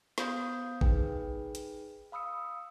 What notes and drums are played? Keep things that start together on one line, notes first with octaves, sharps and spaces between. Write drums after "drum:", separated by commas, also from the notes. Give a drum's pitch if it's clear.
B3 C5 F5 B5 D#6 G6, drum: snare
D#4 G#4 B4 G5, drum: kick G#1
drum: hi-hat
F5 B5 D#6 E6 C#7